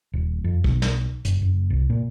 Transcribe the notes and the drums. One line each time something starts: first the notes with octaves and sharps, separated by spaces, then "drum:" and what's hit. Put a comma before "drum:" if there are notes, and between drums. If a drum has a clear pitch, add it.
D#1
F2
B1, drum: kick
drum: snare
F#1, drum: hi-hat
F#1
C2
A#2